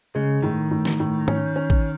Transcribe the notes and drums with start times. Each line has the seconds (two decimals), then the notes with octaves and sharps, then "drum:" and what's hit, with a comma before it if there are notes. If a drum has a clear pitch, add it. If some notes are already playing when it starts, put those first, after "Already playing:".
0.15 C#3 G#3
0.42 A2 D#3
0.71 A2
0.85 drum: snare
1.00 A2
1.28 C#4, drum: tom G#2
1.56 C#4
1.70 drum: kick A1